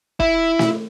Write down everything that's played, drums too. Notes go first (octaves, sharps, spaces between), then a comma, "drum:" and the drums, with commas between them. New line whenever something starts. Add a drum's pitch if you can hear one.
E4, drum: kick
drum: snare